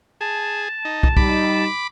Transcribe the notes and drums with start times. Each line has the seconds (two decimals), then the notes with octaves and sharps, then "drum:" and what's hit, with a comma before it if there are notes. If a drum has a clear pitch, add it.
0.21 G#4 A5
0.85 D#4
1.03 drum: kick
1.17 G3 D#4 B5 D6, drum: kick